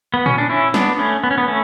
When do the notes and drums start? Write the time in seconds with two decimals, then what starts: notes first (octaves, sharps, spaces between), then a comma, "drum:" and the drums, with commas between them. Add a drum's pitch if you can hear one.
0.14 B3
0.26 C#4, drum: tom A#2
0.38 D4
0.50 C#4 E4
0.74 B3 D4, drum: snare
0.99 A3 C#4
1.24 B3
1.31 C#4
1.38 B3
1.48 A3 C#4